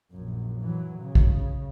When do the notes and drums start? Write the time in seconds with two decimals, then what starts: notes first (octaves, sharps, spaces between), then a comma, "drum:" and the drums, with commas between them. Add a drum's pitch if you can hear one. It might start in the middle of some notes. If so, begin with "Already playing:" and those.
0.11 A#1 F#2
0.61 E3 F#3
1.00 C#3
1.15 drum: kick A#1